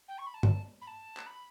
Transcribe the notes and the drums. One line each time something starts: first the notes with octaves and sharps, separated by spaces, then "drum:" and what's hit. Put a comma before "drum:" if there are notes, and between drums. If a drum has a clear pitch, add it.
G5
C#6
B5
A5
drum: tom
B5
A5
drum: clap
B5